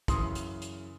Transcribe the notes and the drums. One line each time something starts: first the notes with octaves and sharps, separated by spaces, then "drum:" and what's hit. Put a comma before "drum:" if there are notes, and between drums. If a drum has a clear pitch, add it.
F#2 C#3 E3 C6 D#6, drum: kick, hi-hat
drum: hi-hat
drum: hi-hat